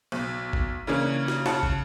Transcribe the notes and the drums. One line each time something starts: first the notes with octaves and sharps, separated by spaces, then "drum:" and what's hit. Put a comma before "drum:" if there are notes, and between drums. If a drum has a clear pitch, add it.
B1
drum: kick
C#3 E3 A#3 C#4 D4
drum: snare
C#3 F#5 A5, drum: snare
drum: kick